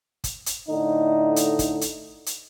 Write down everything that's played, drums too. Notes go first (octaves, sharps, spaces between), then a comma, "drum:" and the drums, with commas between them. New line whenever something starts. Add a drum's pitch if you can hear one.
drum: kick, hi-hat
drum: hi-hat
A2 D3 D#4
drum: hi-hat
drum: kick, hi-hat
drum: hi-hat
drum: hi-hat